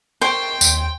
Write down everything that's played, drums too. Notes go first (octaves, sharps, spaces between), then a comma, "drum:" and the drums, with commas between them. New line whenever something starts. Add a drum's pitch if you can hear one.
A#4 C5 D#5 G5 C#6
D#2, drum: tambourine